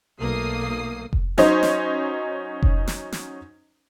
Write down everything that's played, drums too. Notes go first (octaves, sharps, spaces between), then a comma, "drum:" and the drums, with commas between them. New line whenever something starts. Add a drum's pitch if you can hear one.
B1 A3 A#3 D#6 C7
drum: kick F1
F#3 C#4 D#4 C5 D#5, drum: snare
drum: snare
drum: kick F1
drum: snare
drum: snare